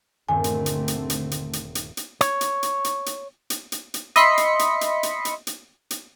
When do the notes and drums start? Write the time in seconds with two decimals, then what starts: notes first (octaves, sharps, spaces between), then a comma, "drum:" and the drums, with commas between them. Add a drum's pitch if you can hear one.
0.29 D#1 G2 D3 A3 C4 G#5
0.44 drum: hi-hat
0.66 drum: hi-hat
0.88 drum: hi-hat
1.10 drum: hi-hat
1.31 drum: hi-hat
1.53 drum: hi-hat
1.75 drum: hi-hat
1.97 drum: hi-hat
2.21 C#5, drum: hi-hat
2.41 drum: hi-hat
2.63 drum: hi-hat
2.84 drum: hi-hat
3.06 drum: hi-hat
3.50 drum: hi-hat
3.72 drum: hi-hat
3.94 drum: hi-hat
4.16 D#5 E5 B5 C6 B6 C#7, drum: hi-hat
4.37 drum: hi-hat
4.59 drum: hi-hat
4.81 drum: hi-hat
5.03 drum: hi-hat
5.25 drum: hi-hat
5.47 drum: hi-hat
5.91 drum: hi-hat